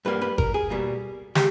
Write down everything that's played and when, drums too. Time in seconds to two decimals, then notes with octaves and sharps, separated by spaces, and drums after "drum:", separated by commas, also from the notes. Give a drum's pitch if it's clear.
0.05 G2 G3 A#3 B4
0.22 B4
0.38 A#4, drum: kick G1
0.54 G#4
0.70 B2 G3 A#3
1.35 G#3 G4, drum: snare